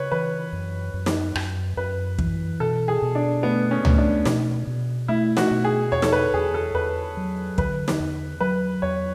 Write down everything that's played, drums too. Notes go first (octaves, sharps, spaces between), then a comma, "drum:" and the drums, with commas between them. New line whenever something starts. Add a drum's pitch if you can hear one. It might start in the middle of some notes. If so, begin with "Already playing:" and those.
Already playing: C#3 B4 C#5
E3 B4
F#2
F#2
drum: snare
F#2, drum: rim click
F#2 B4
E3, drum: kick
B2 A4
G#4
B2
D4
A3 B3
C#4
A3, drum: tom C#2
D4
B2, drum: snare
B2
A3 E4
F#4, drum: snare
B2
G#4
E2 C#5
A4, drum: snare
B4
E2 G#4
A4
E2 B4
F#3
D3 B4, drum: kick
drum: snare
E2
F#3 B4
E2 C#5